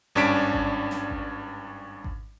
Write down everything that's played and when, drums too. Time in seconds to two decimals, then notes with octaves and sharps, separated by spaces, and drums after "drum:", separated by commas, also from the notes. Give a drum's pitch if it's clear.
0.15 G#1 G2 C#4 D4 B6 D7
0.53 drum: kick G#1
0.91 drum: snare
1.10 drum: kick G#1
2.04 drum: kick G#1